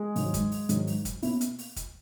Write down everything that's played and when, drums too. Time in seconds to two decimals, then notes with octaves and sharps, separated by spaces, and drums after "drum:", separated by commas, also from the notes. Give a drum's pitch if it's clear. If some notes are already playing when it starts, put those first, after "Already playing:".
Already playing: G#3 G#4
0.16 G#2 D#3 F#3, drum: open hi-hat
0.34 drum: kick, hi-hat
0.52 drum: open hi-hat
0.69 G#2 D#3 F#3, drum: hi-hat
0.87 drum: open hi-hat
1.05 drum: kick, hi-hat
1.22 B2 A#3 C#4 E4, drum: open hi-hat
1.41 drum: hi-hat
1.59 drum: open hi-hat
1.76 drum: kick, hi-hat